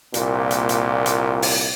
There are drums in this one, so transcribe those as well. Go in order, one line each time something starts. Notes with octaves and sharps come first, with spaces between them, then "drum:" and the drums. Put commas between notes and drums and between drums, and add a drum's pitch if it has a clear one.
C2 A#2, drum: hi-hat
drum: hi-hat
drum: hi-hat
drum: hi-hat
drum: open hi-hat